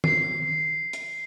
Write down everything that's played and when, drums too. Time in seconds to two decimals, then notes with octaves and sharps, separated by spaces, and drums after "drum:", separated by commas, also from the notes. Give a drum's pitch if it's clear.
0.04 C7, drum: tom
0.93 drum: hi-hat